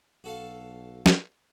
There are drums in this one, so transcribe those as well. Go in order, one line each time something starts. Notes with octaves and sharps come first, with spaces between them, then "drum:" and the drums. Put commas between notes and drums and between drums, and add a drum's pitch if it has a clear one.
B1 F#4 A4 F5
drum: snare